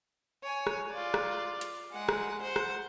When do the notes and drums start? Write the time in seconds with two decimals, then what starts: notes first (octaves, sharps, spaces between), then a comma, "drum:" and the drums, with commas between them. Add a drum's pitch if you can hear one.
0.43 C#5 G#5
0.67 drum: rim click
0.91 F4 D5
1.14 drum: rim click
1.61 drum: hi-hat
1.92 G#3 F#5
2.09 drum: rim click
2.42 C5 F#5
2.56 drum: rim click